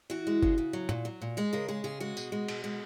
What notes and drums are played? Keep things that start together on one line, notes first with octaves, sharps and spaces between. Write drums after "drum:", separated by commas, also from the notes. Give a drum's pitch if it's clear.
E3 F#4
G#3
C#3, drum: kick G1
C#3
F#3
A#2, drum: tom
F#3
A#2
G#3 G#4
C#3 A#4
G#3 G#4
C#3 G#4
G#3 F#4
B2, drum: tambourine
G#3
B2, drum: cymbal
G#3